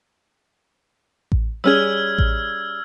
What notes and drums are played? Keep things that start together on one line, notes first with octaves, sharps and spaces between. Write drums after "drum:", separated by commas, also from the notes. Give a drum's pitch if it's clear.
drum: kick A1
G3 C#4 G#4 E6 F6 G#6
drum: kick A1